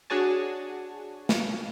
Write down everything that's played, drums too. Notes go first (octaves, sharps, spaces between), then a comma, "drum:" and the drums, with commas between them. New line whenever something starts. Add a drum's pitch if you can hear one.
D4 F#4 G#4 C#5 G#5 A5
drum: snare